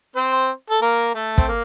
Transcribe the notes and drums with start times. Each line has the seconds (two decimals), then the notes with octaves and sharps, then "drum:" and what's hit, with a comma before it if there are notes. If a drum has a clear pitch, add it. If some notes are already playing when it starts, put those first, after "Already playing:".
0.16 C4 C5
0.70 A4
0.82 A#3 A#4
1.15 A3 A4
1.38 C4, drum: kick
1.48 A#3